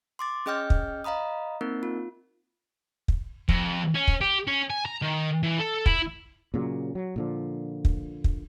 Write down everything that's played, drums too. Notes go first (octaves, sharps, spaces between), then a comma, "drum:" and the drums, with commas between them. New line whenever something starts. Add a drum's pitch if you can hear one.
C6 D6 A6
C#4 G#4 D#5 G5 F6 G6
drum: kick
D#5 F5 A#5 B5 D#6
A#3 C4 D#4 A#4
F4
drum: kick
F2, drum: kick
C#4
drum: kick
G4
C#4
G#5
A#5
D#3
E3
A4
E4, drum: kick
A#2 C#3 F#3
F#3
A#2 D3 F3
drum: kick
drum: kick